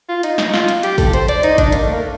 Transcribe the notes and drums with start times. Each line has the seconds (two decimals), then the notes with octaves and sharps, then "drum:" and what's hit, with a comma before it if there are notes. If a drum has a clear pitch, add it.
0.09 F4
0.23 D#4, drum: hi-hat
0.38 D#4, drum: snare
0.54 F4, drum: snare
0.69 drum: hi-hat
0.83 G4, drum: hi-hat
0.98 A4, drum: kick, open hi-hat
1.13 C5, drum: hi-hat
1.28 D5, drum: hi-hat
1.43 D#4, drum: hi-hat
1.58 D4, drum: kick, hi-hat
1.72 A#3, drum: hi-hat
1.83 A3
1.93 A#3